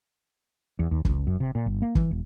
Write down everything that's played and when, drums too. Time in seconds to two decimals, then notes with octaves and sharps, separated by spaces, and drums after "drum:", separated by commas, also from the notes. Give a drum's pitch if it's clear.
0.79 E2
0.91 D#2
1.05 C#2, drum: kick
1.27 F#2
1.40 C3
1.55 A#2
1.66 G1
1.82 A#3
1.95 E3, drum: kick
2.11 E1